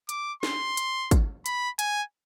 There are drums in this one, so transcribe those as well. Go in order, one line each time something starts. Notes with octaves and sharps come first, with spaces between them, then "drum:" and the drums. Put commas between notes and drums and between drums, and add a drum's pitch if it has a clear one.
D6, drum: hi-hat
C6, drum: snare
drum: hi-hat
drum: kick, hi-hat
B5, drum: hi-hat
G#5, drum: hi-hat